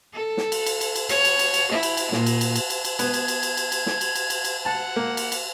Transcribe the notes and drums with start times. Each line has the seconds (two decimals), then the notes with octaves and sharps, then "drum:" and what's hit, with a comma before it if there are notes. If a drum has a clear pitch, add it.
0.14 A4
0.37 drum: snare
0.52 drum: cymbal
0.66 drum: cymbal
0.81 drum: cymbal
0.96 drum: cymbal
1.09 C#5, drum: cymbal
1.25 drum: cymbal
1.39 drum: cymbal
1.54 drum: cymbal
1.72 E4
1.83 drum: cymbal
1.97 drum: cymbal
2.12 A#2, drum: snare
2.26 drum: cymbal
2.41 drum: cymbal
2.55 drum: cymbal
2.70 drum: cymbal
2.85 drum: cymbal
2.99 B3 B4 G#6, drum: cymbal
3.14 drum: cymbal
3.28 drum: cymbal
3.43 drum: cymbal
3.57 drum: cymbal
3.72 drum: cymbal
3.86 drum: snare
4.01 drum: cymbal
4.15 drum: cymbal
4.30 drum: cymbal
4.45 drum: cymbal
4.65 F#5 A5
4.96 A#3
5.17 drum: cymbal
5.32 drum: cymbal